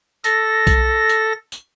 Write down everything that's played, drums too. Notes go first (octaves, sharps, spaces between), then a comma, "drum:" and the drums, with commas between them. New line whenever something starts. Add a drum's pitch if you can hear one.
A4 A#6, drum: tambourine
drum: kick B1, tambourine
drum: tambourine
drum: tambourine